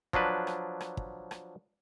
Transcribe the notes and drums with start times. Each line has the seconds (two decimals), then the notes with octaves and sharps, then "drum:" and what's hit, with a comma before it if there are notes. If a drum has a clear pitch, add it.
0.13 F3 F#3 D4 B4, drum: kick
0.47 drum: rim click
0.81 drum: rim click
0.97 drum: kick
1.31 drum: rim click